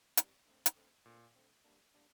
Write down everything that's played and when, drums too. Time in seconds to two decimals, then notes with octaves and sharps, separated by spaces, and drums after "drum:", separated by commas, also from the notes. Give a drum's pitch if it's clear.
0.17 C3 E3 G3, drum: hi-hat
0.47 D3 A3 C4
0.66 drum: hi-hat
0.76 D3 A3 C4
1.05 A#2 D3 A3 C4
1.36 D3 A3 C4
1.64 E2 D3 G3 A#3 D4
1.94 D3 G3 A#3 D4